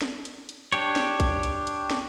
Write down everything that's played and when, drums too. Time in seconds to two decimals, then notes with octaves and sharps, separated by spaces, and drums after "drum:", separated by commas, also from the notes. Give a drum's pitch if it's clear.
0.02 drum: snare
0.25 drum: hi-hat
0.49 drum: hi-hat
0.72 D4 G4 C#5, drum: hi-hat
0.96 drum: snare
1.20 drum: kick, hi-hat
1.43 drum: hi-hat
1.67 drum: hi-hat
1.91 drum: snare